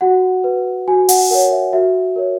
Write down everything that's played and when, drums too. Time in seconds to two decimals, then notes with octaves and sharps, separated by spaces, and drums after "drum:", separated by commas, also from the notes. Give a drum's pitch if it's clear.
0.01 F#4 F#5
0.44 B4
0.88 F#4 G#5
1.09 F#5, drum: open hi-hat
1.30 A#4 C#5 F#5
1.51 E5
1.73 F#4 E5
2.16 A#4 C#5